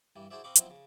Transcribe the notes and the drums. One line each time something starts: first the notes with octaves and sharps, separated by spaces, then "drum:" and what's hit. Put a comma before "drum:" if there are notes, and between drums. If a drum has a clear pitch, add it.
G2 E3 G3
E4 F#4 G#4 C5 D5 E5
C4 D#5 F5 B5 C#6 D6
F3 F#3 B3 C4 E4, drum: hi-hat
C#3